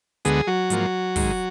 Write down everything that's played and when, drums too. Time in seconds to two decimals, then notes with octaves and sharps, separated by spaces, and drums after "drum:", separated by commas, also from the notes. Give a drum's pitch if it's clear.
0.25 D2 D3 G#3 B3 G#4, drum: hi-hat
0.47 F#3 F#4
0.70 G#2 F3 A#3, drum: hi-hat
1.16 G#2 D#3 G#3, drum: kick, open hi-hat